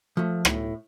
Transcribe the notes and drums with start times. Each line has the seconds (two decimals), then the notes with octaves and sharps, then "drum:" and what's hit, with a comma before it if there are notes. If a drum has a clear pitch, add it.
0.17 F3 A3
0.45 A2, drum: rim click